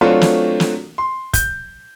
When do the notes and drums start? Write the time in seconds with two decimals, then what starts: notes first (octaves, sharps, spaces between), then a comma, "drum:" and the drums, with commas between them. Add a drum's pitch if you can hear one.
0.01 F#3 A3 C4 D4 F4 F#4
0.21 drum: snare
0.60 drum: snare
0.98 C6
1.34 G6, drum: kick, hi-hat